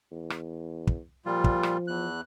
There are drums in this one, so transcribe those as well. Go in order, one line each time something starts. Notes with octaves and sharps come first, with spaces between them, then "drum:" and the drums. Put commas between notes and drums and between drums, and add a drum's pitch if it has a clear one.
E2
drum: rim click
drum: kick
A#2 F3 G3 F4
drum: kick
drum: rim click
E2 F#6